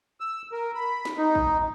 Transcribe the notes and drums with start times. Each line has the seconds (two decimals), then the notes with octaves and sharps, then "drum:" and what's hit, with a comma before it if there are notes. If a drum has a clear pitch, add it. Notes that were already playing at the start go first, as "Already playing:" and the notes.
0.20 E6
0.52 A#4
0.75 B5
1.05 drum: snare
1.17 D#4
1.35 drum: kick A#1